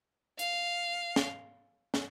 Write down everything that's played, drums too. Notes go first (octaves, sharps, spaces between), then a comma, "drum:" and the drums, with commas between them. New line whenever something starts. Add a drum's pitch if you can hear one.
F5, drum: hi-hat
drum: snare
drum: snare